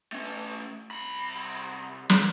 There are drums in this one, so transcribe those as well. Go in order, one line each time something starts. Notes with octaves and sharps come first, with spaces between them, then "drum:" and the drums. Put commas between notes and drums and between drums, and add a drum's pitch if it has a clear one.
A3 C#4
C2 B5
drum: snare